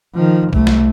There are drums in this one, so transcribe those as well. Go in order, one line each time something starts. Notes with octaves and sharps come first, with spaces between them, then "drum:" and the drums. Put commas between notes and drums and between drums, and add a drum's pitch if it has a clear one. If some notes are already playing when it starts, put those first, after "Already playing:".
D#3 F3
C2 A3, drum: kick
drum: snare